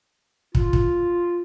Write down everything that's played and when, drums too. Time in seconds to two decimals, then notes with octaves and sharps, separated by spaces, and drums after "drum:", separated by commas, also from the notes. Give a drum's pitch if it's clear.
0.55 F4, drum: kick
0.73 drum: kick